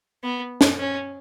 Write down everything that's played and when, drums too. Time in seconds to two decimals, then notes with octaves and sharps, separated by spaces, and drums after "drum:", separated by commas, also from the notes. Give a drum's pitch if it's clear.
0.24 B3
0.61 drum: snare
0.79 C#4